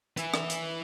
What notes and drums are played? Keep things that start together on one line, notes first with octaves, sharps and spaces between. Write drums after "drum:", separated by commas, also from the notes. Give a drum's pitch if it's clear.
E4 B4, drum: hi-hat
drum: rim click
drum: hi-hat